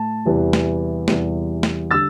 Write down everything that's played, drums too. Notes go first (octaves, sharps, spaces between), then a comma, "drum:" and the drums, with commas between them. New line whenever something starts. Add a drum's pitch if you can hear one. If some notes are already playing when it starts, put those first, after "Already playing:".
Already playing: A2 A3 A5
E2 C3 E3 G3
drum: snare
E2 C3 E3 G3, drum: snare
drum: snare
D3 G3 E6 A6